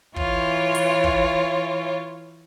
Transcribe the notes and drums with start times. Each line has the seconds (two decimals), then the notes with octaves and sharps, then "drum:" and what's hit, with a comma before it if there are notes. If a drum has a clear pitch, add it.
0.16 E3 F4 C#5, drum: kick
0.75 drum: hi-hat
1.04 drum: kick